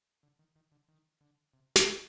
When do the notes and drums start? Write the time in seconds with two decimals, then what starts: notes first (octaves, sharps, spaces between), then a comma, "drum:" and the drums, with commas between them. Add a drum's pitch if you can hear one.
0.23 D3
0.39 D#3
0.56 D#3
0.72 D3
0.88 D#3
1.21 D3
1.53 C3
1.76 A2, drum: snare